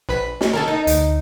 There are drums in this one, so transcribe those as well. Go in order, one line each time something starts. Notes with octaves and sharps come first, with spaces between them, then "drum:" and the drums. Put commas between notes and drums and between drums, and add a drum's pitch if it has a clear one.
A#1 B4 B6
drum: snare
D#3 C#4 A4 A#4 A5
D#4
D2, drum: hi-hat